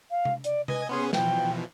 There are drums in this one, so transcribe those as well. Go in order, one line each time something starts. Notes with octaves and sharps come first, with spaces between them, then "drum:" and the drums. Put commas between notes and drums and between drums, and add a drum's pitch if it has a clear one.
F5
drum: tom C3
D5, drum: hi-hat
B4 D#5 G#5 G#6, drum: tom C3
B3 C#4 G#4 C6
B2 E3 F3 G5, drum: snare